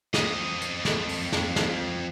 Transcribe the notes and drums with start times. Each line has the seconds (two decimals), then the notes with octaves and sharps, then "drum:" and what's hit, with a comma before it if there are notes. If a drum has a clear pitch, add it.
0.14 F2 D#5, drum: snare
0.61 drum: hi-hat
0.85 drum: snare
1.09 drum: open hi-hat
1.32 drum: snare
1.56 drum: snare